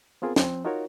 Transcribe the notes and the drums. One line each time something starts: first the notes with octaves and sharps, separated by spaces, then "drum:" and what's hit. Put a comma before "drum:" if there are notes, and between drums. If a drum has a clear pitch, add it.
B3 C4 F4 G#4 A#4
F3 C4, drum: snare
D#4 F4 F#4 A#4 C#5